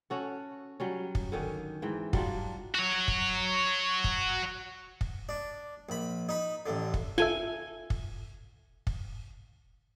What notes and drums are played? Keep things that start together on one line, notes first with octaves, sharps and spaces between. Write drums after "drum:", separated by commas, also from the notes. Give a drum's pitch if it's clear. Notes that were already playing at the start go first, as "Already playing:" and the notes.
C#4 F#4 A4
F#3 G3 C#4
drum: kick
D3 D#3 C#4
G#2 E3 G5
F#3 G3 D4 F4, drum: kick
F#4 C#5
drum: kick
drum: kick
drum: kick
D4
A#1 B5
D#4 B5
A1 D3
drum: kick
F4 A4 E5 G#5
drum: kick
drum: kick